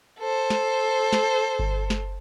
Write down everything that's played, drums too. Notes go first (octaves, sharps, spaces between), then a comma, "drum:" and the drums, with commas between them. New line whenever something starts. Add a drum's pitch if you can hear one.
A4 C5
drum: snare
drum: snare
drum: kick G1
drum: snare